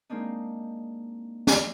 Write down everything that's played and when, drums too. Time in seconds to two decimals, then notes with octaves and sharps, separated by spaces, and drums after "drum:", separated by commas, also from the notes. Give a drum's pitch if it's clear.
0.10 G#3 A#3 C4 D4 D#4
1.47 drum: snare